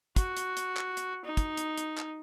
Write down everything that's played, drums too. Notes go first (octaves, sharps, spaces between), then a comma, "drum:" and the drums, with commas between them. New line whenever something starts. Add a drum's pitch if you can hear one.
F#4, drum: kick, hi-hat
drum: hi-hat
drum: hi-hat
drum: clap
drum: hi-hat
D#4
drum: kick, hi-hat
drum: hi-hat
drum: hi-hat
drum: clap